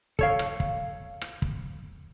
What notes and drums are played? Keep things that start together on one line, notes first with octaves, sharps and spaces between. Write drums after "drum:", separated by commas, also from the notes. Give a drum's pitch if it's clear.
A4 C#5 F5, drum: kick
drum: rim click
drum: kick
drum: rim click
drum: kick